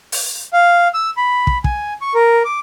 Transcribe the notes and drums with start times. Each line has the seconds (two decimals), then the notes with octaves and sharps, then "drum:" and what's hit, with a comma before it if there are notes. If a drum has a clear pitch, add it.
0.12 drum: open hi-hat
0.53 F5
0.94 E6
1.17 B5
1.47 drum: kick
1.64 G#5, drum: kick
2.01 C#6
2.14 A#4
2.45 D6